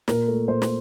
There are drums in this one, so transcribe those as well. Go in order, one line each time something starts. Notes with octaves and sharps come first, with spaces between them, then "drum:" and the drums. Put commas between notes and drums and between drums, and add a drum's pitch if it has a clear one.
A#2 A#4, drum: snare
A3
A#2 C5
drum: snare